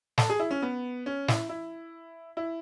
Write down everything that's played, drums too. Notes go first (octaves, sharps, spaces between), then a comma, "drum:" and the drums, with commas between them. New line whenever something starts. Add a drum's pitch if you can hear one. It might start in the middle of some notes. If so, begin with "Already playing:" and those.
A4, drum: snare
G#4
E4
C#4
B3
C#4
E4, drum: snare
E4
E4